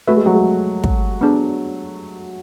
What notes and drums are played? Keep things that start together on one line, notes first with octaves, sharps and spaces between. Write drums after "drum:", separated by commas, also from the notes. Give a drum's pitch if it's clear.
A3 F#4 B4 E5
G#3
F#3
G#3
drum: kick
B3 D4 G#4